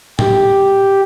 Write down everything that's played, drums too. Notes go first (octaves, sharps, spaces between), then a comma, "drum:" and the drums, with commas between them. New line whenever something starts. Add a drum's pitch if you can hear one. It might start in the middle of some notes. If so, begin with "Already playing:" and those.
G4, drum: tom A2